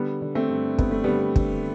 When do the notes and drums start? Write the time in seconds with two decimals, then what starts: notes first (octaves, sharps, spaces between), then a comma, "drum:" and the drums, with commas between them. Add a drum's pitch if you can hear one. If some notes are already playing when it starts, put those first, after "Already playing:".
Already playing: D3 G3 B3
0.22 D3
0.35 A3 C4
0.50 G2
0.78 G2 B3, drum: kick
0.91 A3
1.04 D3 G3 B3
1.36 D3, drum: kick